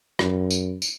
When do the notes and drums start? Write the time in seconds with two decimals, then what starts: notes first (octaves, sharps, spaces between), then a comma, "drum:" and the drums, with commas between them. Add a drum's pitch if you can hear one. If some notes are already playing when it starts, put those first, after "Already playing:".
0.19 F#2, drum: rim click
0.50 drum: tambourine
0.82 drum: tambourine